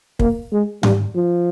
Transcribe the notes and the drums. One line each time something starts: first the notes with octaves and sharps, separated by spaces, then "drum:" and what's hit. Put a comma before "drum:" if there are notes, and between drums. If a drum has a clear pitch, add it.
A#3, drum: kick
G#3
G3, drum: tom G#2
F3